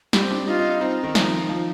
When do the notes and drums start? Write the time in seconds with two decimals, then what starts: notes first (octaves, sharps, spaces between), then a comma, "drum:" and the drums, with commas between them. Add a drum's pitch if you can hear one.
0.13 G3 G4, drum: snare
0.22 C4
0.31 D4
0.47 D#4 F4
0.59 D#4
0.70 D#4
0.81 C4 D#4
1.04 D#3
1.15 F3, drum: snare
1.49 F3